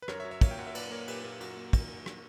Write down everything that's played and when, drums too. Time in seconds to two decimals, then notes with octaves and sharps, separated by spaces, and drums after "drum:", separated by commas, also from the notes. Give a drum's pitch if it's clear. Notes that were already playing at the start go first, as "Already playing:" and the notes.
0.02 B4
0.08 F#2 A#4 C#5, drum: rim click
0.20 C#5 E5
0.25 F#3
0.31 C#5 E5
0.41 A#3 C#5 E5, drum: kick, cymbal
0.51 G5
0.59 F#2 F#5
0.67 E5
0.75 A#2 B4 D5, drum: cymbal
0.90 A#3 A#4 C#5
1.08 A#2 G4 B4, drum: cymbal
1.24 A#2
1.41 F#2 F#4 A#4, drum: cymbal
1.57 A#3
1.73 drum: kick, cymbal
2.06 drum: rim click